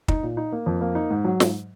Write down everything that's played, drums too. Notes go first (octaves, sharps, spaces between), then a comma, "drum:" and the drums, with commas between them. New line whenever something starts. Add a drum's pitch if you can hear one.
D#4, drum: kick
A#2
D#4
A#3
F2
A#3
D#4
G#2
F#3
G#2, drum: snare